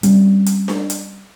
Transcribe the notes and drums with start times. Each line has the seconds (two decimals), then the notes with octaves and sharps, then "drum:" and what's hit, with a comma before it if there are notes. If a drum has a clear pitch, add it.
0.03 G3 C4 C#4, drum: hi-hat
0.46 drum: hi-hat
0.68 drum: snare D4
0.90 drum: hi-hat